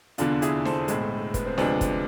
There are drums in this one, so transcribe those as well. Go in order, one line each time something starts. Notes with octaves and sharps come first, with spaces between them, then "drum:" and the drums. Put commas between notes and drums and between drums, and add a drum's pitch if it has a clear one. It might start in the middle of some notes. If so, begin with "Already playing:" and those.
F1 E2 D3 D4 F4, drum: hi-hat
E4 G#4, drum: hi-hat
A4 C5, drum: snare
B1 A2 G#3, drum: hi-hat
B3, drum: kick, hi-hat
C4
D2 C3 F3 G#3 B3 D4, drum: snare
drum: kick, hi-hat